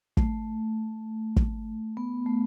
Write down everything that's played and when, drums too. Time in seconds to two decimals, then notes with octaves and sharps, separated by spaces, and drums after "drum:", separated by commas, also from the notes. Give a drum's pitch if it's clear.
0.17 A3, drum: kick
1.36 drum: kick
1.97 B3
2.26 A3